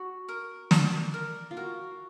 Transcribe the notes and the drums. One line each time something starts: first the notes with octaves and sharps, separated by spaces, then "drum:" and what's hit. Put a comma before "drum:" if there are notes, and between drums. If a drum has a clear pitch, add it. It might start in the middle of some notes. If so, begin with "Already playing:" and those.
Already playing: F#4
A#4
D5, drum: snare
A#4
F4
F#4 A#4